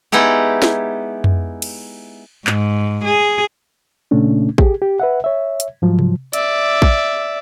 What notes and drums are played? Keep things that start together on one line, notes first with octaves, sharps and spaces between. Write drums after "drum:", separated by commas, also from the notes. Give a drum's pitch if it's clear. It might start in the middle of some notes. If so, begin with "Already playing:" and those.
G#3 B3 D#4 E4 G4
drum: snare
drum: tom F2
drum: cymbal
G#2, drum: clap
G#4
A#2 C#3 A3 C#4 D4
G4 G#4, drum: kick
G4
B4 E5 F#5
C#5 E5
drum: hi-hat
G#2 F3 F#3
drum: tom C3
D5 E5, drum: hi-hat
drum: kick